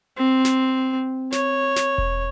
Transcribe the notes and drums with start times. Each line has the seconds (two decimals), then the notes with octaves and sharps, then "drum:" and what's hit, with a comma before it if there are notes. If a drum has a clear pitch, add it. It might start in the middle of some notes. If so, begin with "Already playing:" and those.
0.17 C4
0.45 drum: snare
1.32 C#5, drum: snare
1.76 drum: snare
1.98 drum: kick E1